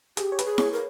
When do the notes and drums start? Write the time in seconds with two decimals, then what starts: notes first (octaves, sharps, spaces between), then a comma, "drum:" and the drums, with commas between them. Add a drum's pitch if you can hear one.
0.17 G4 G#4, drum: hi-hat
0.32 C#5
0.39 B4, drum: hi-hat
0.45 G#4
0.58 C#5, drum: snare E4
0.73 A#4